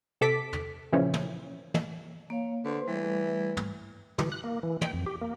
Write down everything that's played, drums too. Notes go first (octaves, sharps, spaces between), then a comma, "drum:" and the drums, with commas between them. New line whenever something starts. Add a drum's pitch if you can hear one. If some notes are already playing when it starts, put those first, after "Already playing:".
C3 A4 D6 B6
drum: tom
A#2 C#3 E3 F3 C#4
drum: tom
drum: tom
A#3 C#5 F5
D3 B4 C5 C6
E3 G3 A3
drum: tom
E3, drum: tom
F#6
A#3
E3
G5, drum: tom
F2
G4
A#3